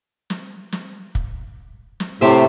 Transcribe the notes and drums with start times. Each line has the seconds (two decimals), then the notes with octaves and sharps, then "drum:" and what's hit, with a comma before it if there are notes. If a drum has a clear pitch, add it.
0.30 drum: snare
0.72 drum: snare
1.15 drum: kick
2.00 drum: snare
2.21 A2 C3 G4 C5 E5